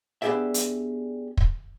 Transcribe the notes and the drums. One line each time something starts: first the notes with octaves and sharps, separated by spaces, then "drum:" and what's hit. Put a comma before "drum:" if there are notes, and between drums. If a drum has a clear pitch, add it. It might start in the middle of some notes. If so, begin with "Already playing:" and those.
B3 D4 G4 G#4 D5 E5
drum: hi-hat
drum: kick